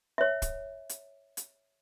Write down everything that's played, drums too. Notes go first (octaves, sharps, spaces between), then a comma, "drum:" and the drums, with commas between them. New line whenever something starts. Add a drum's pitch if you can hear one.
C#5 E5
drum: kick, hi-hat
drum: hi-hat
drum: hi-hat